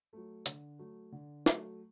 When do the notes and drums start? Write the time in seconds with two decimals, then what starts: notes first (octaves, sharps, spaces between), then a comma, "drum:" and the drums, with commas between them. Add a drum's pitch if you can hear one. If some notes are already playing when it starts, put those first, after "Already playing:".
0.13 F#3 A3
0.46 D3, drum: hi-hat
0.79 F#3 A3
1.12 D3
1.46 F#3 A3, drum: snare